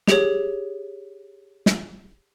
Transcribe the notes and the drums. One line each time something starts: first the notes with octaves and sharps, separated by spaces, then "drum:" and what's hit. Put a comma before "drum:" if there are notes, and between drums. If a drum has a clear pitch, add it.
G4 G#4 C#5, drum: snare
drum: snare